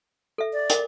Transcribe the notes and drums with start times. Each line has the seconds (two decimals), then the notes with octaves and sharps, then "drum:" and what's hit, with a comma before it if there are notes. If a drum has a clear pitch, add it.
0.38 A4 E5
0.53 D5
0.70 A#4 D6, drum: hi-hat